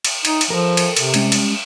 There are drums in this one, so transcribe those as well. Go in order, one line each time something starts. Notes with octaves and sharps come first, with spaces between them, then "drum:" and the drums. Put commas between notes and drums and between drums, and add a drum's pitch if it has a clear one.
drum: cymbal
D#4, drum: cymbal
drum: cymbal
F3 A4 A#4
drum: cymbal
C3, drum: cymbal
G3 G#3 C#4, drum: cymbal
drum: cymbal